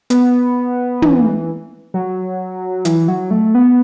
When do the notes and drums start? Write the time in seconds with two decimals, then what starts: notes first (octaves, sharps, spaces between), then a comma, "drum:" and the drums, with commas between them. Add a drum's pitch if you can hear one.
0.10 B3, drum: hi-hat
1.02 E3, drum: tom
1.94 F#3
2.85 E3, drum: hi-hat
3.08 F#3
3.31 A3
3.55 B3